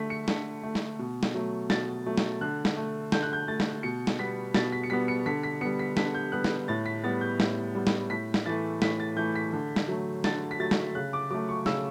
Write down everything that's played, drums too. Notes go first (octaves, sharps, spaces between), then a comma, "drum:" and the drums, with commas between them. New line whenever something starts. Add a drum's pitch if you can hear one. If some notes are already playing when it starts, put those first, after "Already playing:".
Already playing: D3 A3 B6
C#7
D3, drum: snare
A3
drum: snare
B2
drum: snare
F#3 A3
B2 A6, drum: snare
F#3 A3
drum: snare
D3 F#6
drum: snare
A3
D3 G6, drum: snare
F#6
G6
A3 A6
drum: snare
B2 C#7
drum: snare
G3 B3 B6
B2 A6, drum: snare
B6
C#7
G3 B3 B6
C#7
D3 B6
B6
G3 B3 C#7
B6
D3 B6, drum: snare
G6
G3 B3 F#6
drum: snare
A2 A6
B6
G3 B3 A6
G6
A2, drum: snare
G3 B3
drum: snare
A2 B6
drum: snare
E3 A3 A6
A2 B6, drum: snare
A6
E3 A3 G6
B6
D3
drum: snare
F#3 A3
D3 A6, drum: snare
B6
F#3 A3 A6
drum: snare
C#3 F#6
D6
F#3 A3 D6
C#6
C#3 E6, drum: snare